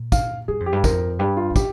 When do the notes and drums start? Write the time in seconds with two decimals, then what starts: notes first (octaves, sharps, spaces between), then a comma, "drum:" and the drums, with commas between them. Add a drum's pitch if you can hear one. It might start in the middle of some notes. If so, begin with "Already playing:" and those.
Already playing: A#2
0.12 F5, drum: kick, tambourine
0.48 G2 G#4
0.60 F2
0.66 G4
0.72 G2
0.84 F2 A#4, drum: kick, tambourine
1.19 G2 G4
1.37 F4
1.51 A#2
1.56 G4, drum: kick, tambourine